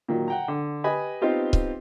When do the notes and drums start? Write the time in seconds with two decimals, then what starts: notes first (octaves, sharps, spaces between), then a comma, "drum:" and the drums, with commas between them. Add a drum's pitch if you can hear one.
0.08 A#2 D#3 F#3
0.28 F#5 G5 A#5
0.48 D3
0.84 G4 B4 D#5 G#5 B5
1.22 B3 C4 D#4 F4 G4
1.53 drum: kick C#1